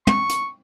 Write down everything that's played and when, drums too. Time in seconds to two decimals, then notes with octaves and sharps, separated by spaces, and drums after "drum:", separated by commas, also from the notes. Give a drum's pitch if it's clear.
0.07 C#6, drum: tom
0.29 drum: hi-hat